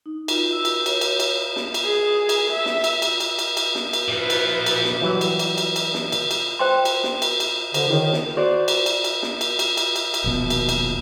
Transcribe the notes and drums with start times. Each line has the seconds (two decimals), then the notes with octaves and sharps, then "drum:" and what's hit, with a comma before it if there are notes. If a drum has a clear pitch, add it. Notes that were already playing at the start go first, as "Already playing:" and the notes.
0.06 D#4
0.28 F4, drum: cymbal
0.53 E6
0.65 drum: cymbal
0.86 C#5, drum: cymbal
1.01 drum: cymbal
1.20 drum: cymbal
1.56 drum: snare
1.74 drum: cymbal
1.85 G#4
2.29 drum: cymbal
2.51 E5
2.66 drum: snare
2.84 drum: cymbal
3.02 drum: cymbal
3.20 drum: cymbal
3.39 drum: cymbal
3.57 drum: cymbal
3.75 drum: snare
3.93 drum: cymbal
4.09 A#2 F3 E4 F4 B4
4.30 drum: cymbal
4.66 drum: cymbal
4.85 drum: snare
5.01 E3 F#3 G3
5.21 drum: cymbal
5.39 drum: cymbal
5.58 drum: cymbal
5.76 drum: cymbal
5.94 drum: snare
6.12 drum: cymbal
6.31 drum: cymbal
6.59 C5 G5 C6
6.85 drum: cymbal
7.04 drum: snare
7.22 drum: cymbal
7.40 drum: cymbal
7.74 D3 C5, drum: cymbal
7.88 D#3 E4 G#4 C#5
8.13 drum: snare
8.37 F#4 C5 D5
8.68 drum: cymbal
8.86 drum: cymbal
9.04 drum: cymbal
9.23 drum: snare
9.41 drum: cymbal
9.59 drum: cymbal
9.77 drum: cymbal
9.96 drum: cymbal
10.14 drum: cymbal
10.24 D#1 A#1 B2
10.50 drum: cymbal
10.69 drum: cymbal